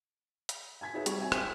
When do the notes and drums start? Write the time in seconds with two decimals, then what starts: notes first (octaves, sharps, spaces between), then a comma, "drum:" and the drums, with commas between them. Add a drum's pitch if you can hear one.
0.49 drum: hi-hat
0.81 G#5 A5 G#6 B6
0.94 D#4 F#4 G#4 B4 C#5 E5
1.06 G3 C#6, drum: hi-hat
1.18 C4 E5 G#5
1.32 G5 B6 D#7, drum: rim click